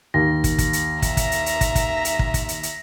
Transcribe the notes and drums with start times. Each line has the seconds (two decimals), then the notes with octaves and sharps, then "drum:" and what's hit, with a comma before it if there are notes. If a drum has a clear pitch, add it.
0.14 D#2 A#6
0.44 drum: kick, hi-hat
0.58 drum: kick, hi-hat
0.73 drum: hi-hat
1.02 E5 A#5, drum: kick, hi-hat
1.17 drum: kick, hi-hat
1.32 drum: hi-hat
1.46 drum: hi-hat
1.61 drum: kick, hi-hat
1.75 drum: kick, hi-hat
2.05 drum: hi-hat
2.19 drum: kick
2.34 drum: kick, hi-hat
2.49 drum: hi-hat
2.63 drum: hi-hat